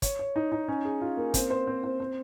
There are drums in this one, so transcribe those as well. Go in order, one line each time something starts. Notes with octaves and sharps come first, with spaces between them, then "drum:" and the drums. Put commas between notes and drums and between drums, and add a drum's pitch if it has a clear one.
C#5, drum: kick, hi-hat
C#5
D#4
D#4
C#4
G#4
F4
A#3
C4, drum: kick, hi-hat
C5
C4
C4
C4